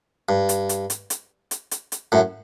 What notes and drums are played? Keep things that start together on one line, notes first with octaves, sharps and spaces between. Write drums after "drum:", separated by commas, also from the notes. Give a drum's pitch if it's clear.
G2
drum: hi-hat
drum: hi-hat
drum: hi-hat
drum: hi-hat
drum: hi-hat
drum: hi-hat
drum: hi-hat
F#2 A2